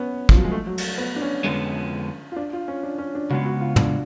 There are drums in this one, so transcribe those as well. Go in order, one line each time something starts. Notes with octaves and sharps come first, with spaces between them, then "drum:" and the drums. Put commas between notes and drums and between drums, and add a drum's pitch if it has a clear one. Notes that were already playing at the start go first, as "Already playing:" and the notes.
Already playing: B3 C#4
F3, drum: kick
F#3
G#3
A3
F#3
drum: cymbal
B3
D4
C#4
F2 D3 F3 G#3 B3
F4
D4
F4
C#4
D4
C#4
D4
C#3 G#3 B3 F#4
F#4
F4
D4, drum: tom